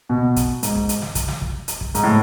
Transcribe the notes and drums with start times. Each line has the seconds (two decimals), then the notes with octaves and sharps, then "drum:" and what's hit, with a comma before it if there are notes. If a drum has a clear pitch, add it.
0.09 B2
0.36 drum: kick, hi-hat
0.63 G#2, drum: hi-hat
0.76 drum: kick
0.89 drum: hi-hat
1.02 drum: snare
1.15 drum: kick, hi-hat
1.28 drum: snare
1.41 drum: kick
1.68 drum: hi-hat
1.81 drum: kick
1.95 G#2, drum: hi-hat
2.04 A2